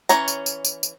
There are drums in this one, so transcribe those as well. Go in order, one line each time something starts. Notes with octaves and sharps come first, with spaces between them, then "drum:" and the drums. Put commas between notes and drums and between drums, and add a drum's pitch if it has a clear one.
E3 C#4 C#5 A#5, drum: tambourine
drum: tambourine
drum: tambourine
drum: tambourine
drum: tambourine